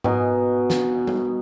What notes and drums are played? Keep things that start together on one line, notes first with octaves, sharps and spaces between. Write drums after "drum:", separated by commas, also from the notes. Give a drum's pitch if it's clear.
B2 D#4 D#5 G#5, drum: tom G#2
drum: snare
drum: tom G3